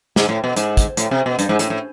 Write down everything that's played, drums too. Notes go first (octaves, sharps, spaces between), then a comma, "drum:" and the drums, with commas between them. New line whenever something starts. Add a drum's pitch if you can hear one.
G#2, drum: snare
A2
B2
G#2, drum: hi-hat
drum: kick, hi-hat
A2, drum: hi-hat
C3
B2
G2, drum: hi-hat
G#2
A2, drum: hi-hat
A2